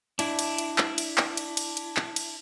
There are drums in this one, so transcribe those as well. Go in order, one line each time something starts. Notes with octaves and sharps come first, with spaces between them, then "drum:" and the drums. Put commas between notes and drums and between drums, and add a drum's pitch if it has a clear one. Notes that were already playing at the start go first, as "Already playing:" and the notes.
D4 E4, drum: cymbal
drum: cymbal
drum: cymbal
drum: clap
drum: cymbal
drum: clap
drum: cymbal
drum: cymbal
drum: cymbal
drum: clap
drum: cymbal